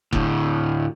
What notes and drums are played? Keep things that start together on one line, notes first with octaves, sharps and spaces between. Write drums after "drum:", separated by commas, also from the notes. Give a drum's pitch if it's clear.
D2 A2, drum: kick F1